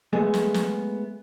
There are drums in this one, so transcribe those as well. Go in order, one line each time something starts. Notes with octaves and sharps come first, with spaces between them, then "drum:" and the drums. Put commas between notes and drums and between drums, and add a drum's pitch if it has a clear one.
G#3 A3 B3 G#4
drum: snare
drum: snare